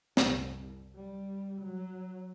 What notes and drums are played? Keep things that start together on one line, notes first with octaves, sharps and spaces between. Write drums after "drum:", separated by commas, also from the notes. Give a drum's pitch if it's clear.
C2, drum: snare
G3
F#3